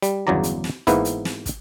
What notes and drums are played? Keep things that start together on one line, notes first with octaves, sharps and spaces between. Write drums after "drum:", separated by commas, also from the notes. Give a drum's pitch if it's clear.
G3, drum: hi-hat
G1 E2 C#3 F#3 D5 A#5
drum: hi-hat
drum: snare
G#2 E3 A#3 B3 E4, drum: kick, hi-hat
drum: hi-hat
drum: snare
drum: kick, hi-hat